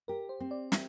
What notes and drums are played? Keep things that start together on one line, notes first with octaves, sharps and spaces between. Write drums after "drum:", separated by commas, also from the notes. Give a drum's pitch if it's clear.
G4 A#4
C5
C4
D5
G4 E5, drum: snare